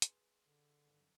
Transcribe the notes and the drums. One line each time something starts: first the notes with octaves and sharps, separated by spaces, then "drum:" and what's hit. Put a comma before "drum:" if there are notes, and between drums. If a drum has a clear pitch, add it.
G#4 B4 C6, drum: hi-hat
D3
G#1 G2
F#2